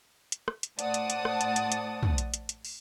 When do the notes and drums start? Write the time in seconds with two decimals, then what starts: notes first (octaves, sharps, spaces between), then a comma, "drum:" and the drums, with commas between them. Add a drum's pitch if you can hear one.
0.32 drum: hi-hat
0.48 drum: rim click
0.63 drum: hi-hat
0.79 A2 C5 D5 F#5 A5 D#6, drum: hi-hat
0.94 drum: hi-hat
1.10 drum: hi-hat
1.25 drum: rim click
1.41 drum: hi-hat
1.56 drum: hi-hat
1.72 drum: hi-hat
2.03 drum: tom
2.18 drum: hi-hat
2.34 drum: hi-hat
2.49 drum: hi-hat
2.65 drum: open hi-hat